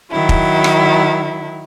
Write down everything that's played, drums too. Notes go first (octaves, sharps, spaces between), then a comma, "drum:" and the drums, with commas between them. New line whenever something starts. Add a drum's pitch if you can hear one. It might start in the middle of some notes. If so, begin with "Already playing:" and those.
D#3 F#3 E4
drum: kick
drum: rim click